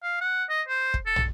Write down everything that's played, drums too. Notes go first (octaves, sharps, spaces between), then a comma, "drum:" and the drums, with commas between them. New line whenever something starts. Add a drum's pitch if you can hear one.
F5
F#5
D#5
C5
drum: kick
A4
drum: tom